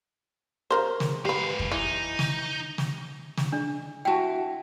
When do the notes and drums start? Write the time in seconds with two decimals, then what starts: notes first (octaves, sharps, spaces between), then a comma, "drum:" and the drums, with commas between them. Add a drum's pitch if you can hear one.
0.71 C#3 A#4 C5
1.00 drum: snare
1.25 G#2 G4 B4 F5
1.59 drum: kick F2
1.72 E3 D#4
2.19 drum: snare
2.78 drum: snare
3.37 drum: snare
3.52 D4
4.05 E4 F#4 G5 A5